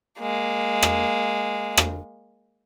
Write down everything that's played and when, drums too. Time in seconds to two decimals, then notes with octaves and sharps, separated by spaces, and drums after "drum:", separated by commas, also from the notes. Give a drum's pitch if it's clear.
0.19 G#3 A#3
0.83 drum: rim click
1.77 drum: rim click